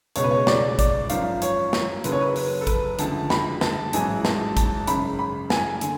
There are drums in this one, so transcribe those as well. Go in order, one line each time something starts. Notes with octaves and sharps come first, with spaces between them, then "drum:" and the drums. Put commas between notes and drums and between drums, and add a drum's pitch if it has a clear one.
C#2 B2 G#3 C#5, drum: hi-hat
B4
C#5
D5, drum: snare
D5, drum: kick, hi-hat
G#1 F#2 F3 F5, drum: hi-hat
C#5, drum: hi-hat
drum: snare
F#1 F#2 C#3 F#3 B4, drum: hi-hat
C#5
B4
B4, drum: open hi-hat
A4
B4, drum: kick, hi-hat
D2 C#3 F3 G#3 A5, drum: hi-hat
B5, drum: snare
A5, drum: snare
A1 G#2 F#3 G#5, drum: hi-hat
A5, drum: snare
A5, drum: kick, hi-hat
G#1 F#2 C#3 B5, drum: hi-hat
B5
G#5, drum: snare
D3 G#5, drum: hi-hat